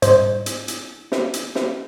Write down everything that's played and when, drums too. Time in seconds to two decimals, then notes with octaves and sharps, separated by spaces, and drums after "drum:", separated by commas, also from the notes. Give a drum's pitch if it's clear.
0.02 G#2 G3 C5 D#5, drum: hi-hat
0.46 drum: hi-hat
0.68 drum: hi-hat
1.12 drum: snare
1.34 drum: hi-hat
1.55 drum: snare